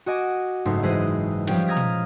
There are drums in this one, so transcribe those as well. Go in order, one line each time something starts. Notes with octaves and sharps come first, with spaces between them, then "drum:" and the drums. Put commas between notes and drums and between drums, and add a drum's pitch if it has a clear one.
F#4 D#5 G#5 D6
F#1 G#2 A3 D#4 C6
E3 G#3 E4 G#4 C5 D#5
F3 G3 G#3 C#4 G4, drum: snare
A#5 D#6 F6 G#6 A#6 B6
drum: tom